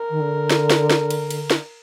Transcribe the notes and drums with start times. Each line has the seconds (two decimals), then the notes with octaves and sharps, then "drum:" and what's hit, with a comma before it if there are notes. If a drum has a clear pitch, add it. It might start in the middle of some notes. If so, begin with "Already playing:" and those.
Already playing: A#4
0.09 D#3
0.20 D3
0.50 drum: snare
0.70 drum: snare
0.90 drum: snare
1.10 drum: cymbal
1.31 drum: cymbal
1.51 drum: snare